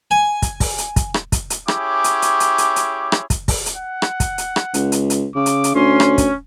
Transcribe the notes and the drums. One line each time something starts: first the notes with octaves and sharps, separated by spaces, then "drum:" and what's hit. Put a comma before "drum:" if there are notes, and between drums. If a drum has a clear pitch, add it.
G#5
drum: kick, hi-hat
drum: kick, open hi-hat
drum: hi-hat
drum: kick, hi-hat
drum: rim click
drum: kick, hi-hat
drum: hi-hat
C#4 E4 G4 G#4 C#5 D6, drum: rim click
drum: hi-hat
drum: hi-hat
drum: hi-hat
drum: hi-hat
drum: hi-hat
drum: rim click
drum: kick, hi-hat
drum: kick, open hi-hat
drum: hi-hat
F#5
drum: rim click
drum: kick, hi-hat
drum: hi-hat
drum: rim click
C#2, drum: hi-hat
drum: hi-hat
drum: hi-hat
C#3 D6
drum: hi-hat
drum: hi-hat
D2 C#4 C6
drum: rim click
drum: kick, hi-hat